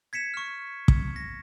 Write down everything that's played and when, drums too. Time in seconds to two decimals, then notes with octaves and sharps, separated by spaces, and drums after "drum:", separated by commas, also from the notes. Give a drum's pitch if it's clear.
0.13 G#6 B6 C#7 E7
0.34 C#6 F6
0.88 drum: kick
1.16 A#6